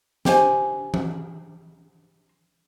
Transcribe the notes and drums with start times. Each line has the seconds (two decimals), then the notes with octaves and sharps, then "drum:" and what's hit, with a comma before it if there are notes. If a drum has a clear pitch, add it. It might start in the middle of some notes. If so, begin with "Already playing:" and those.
0.25 G4 C5 G#5, drum: snare
0.94 drum: tom E3